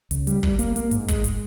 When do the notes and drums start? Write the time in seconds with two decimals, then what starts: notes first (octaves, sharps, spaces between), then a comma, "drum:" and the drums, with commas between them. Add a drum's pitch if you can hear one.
0.11 C#2, drum: hi-hat
0.27 G3, drum: hi-hat
0.43 G3, drum: kick
0.59 A#3, drum: hi-hat
0.76 A#3, drum: hi-hat
0.91 G#2, drum: hi-hat
1.08 G#3, drum: kick, hi-hat
1.24 drum: hi-hat